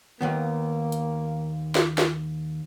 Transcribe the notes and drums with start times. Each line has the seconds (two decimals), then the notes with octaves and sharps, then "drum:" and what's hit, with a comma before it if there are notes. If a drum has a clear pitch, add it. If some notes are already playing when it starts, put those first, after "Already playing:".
0.21 D#2 D#3 A#3 B3
0.92 drum: hi-hat
1.75 drum: snare
1.98 drum: snare